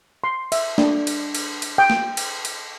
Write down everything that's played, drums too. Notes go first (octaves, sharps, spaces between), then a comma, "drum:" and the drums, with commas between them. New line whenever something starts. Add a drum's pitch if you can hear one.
C6
E5, drum: cymbal
D4, drum: snare A#3
drum: cymbal
drum: cymbal
drum: cymbal
G5
drum: snare A#3
drum: cymbal
drum: cymbal